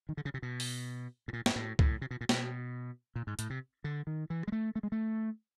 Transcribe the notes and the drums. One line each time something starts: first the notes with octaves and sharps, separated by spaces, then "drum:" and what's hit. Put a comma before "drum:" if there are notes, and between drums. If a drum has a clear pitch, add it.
D#3
D3
C#3
C3
B2
drum: open hi-hat
A2
A#2
G#2, drum: snare
A2
A2, drum: kick
C3
B2
A#2
B2, drum: snare
A#2
G#2
A2, drum: hi-hat
C3
D3
D#3
E3
G#3
A3
A3
G#3
A3